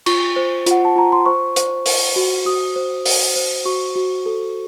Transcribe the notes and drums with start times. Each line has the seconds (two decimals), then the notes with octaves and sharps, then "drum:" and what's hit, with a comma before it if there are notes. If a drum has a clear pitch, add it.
0.06 F4 C#6, drum: cymbal
0.36 C5
0.66 F4 F#5, drum: hi-hat
0.85 A5
0.96 F4 A#5
1.12 C6
1.26 C5 C#6
1.56 C5, drum: hi-hat
1.86 C5, drum: open hi-hat
2.16 F#4
2.45 F#4 D#6
2.76 C5
3.05 C5, drum: open hi-hat
3.36 C5
3.65 F#4 C#6
3.95 F#4
4.26 A4